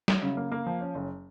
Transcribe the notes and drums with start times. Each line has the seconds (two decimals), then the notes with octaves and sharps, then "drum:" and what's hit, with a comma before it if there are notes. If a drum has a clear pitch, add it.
0.08 F#3, drum: snare
0.23 C#3
0.37 A#3
0.52 A#3
0.66 F3
0.81 C#4
0.95 F#1